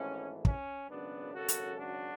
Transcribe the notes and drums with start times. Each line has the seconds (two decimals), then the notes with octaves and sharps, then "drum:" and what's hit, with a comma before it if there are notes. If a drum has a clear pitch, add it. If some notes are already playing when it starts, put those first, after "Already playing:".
Already playing: G#1 G#2 E3 A3 C#4
0.45 C#4, drum: kick
0.89 G#1 F#2 C#3 F#3 B3 D4
1.34 F#4 A4
1.48 drum: hi-hat
1.79 D4 F#4